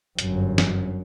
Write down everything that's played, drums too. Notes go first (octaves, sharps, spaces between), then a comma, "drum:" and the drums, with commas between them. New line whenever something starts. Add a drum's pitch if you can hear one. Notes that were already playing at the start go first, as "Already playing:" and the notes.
G1 F#2, drum: hi-hat
drum: snare